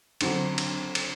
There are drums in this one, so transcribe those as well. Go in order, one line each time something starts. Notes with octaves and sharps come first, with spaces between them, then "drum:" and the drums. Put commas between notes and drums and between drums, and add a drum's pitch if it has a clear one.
F2 D3 F#3, drum: cymbal
drum: cymbal
drum: cymbal